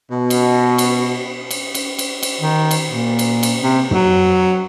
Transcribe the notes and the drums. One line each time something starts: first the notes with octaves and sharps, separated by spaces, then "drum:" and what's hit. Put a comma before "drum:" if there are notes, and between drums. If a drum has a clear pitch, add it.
B2
drum: cymbal
drum: cymbal
drum: cymbal
drum: cymbal
drum: cymbal
drum: cymbal
D#3
drum: cymbal
A#2
drum: cymbal
drum: cymbal
C3
F#3, drum: tom